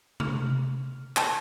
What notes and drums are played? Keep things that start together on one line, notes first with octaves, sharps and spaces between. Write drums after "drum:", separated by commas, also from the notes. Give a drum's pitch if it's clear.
F6, drum: tom C3
A5, drum: clap